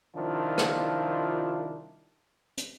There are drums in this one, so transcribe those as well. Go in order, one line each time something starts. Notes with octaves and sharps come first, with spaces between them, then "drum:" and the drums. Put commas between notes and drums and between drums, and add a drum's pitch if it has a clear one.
C2 D#3 F3 D4 E4 F4
drum: rim click
drum: hi-hat